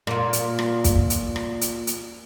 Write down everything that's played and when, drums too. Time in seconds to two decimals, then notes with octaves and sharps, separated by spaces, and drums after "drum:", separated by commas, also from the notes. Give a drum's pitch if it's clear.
0.07 A#2 A#3, drum: rim click
0.33 drum: hi-hat
0.59 drum: rim click
0.84 drum: kick, hi-hat
1.10 drum: hi-hat
1.36 drum: rim click
1.61 drum: hi-hat
1.87 drum: hi-hat